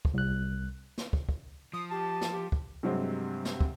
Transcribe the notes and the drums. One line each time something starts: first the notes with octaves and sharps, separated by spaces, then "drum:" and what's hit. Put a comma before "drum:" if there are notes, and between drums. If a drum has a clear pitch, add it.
drum: kick
C2 F#6
drum: snare
drum: kick
drum: kick
F3 D#6
G4 A5
drum: snare
G4
drum: kick
G2 C3 F#3 G#3 C4
drum: snare
drum: kick